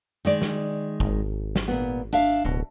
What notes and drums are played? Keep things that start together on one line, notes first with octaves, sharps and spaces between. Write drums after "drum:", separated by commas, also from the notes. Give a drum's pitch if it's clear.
D#3 G#3 D5
drum: snare
G#1, drum: kick F#1
drum: snare
A#2 B3
D4 E5 F5
D1 B2